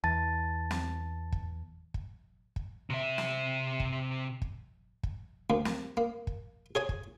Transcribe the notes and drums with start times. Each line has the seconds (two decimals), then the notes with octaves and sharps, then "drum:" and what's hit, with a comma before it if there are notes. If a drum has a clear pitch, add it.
0.04 E2 A5 A6
0.71 drum: snare
1.32 drum: kick
1.94 drum: kick
2.56 drum: kick
2.90 C3 E5
3.18 drum: snare
3.80 drum: kick
4.42 drum: kick
5.03 drum: kick
5.50 D2 A#3
5.65 drum: snare
5.97 A#3
6.27 drum: kick
6.75 G#4 C#5 G#5
6.89 drum: kick